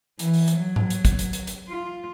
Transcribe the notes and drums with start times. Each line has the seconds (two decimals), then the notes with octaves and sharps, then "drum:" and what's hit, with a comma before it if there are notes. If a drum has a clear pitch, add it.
0.19 E3, drum: hi-hat
0.33 drum: open hi-hat
0.48 drum: hi-hat
0.57 F#3
0.76 drum: tom G#2
0.90 drum: hi-hat
1.05 drum: kick, hi-hat
1.19 drum: hi-hat
1.33 drum: hi-hat
1.47 drum: hi-hat
1.69 F4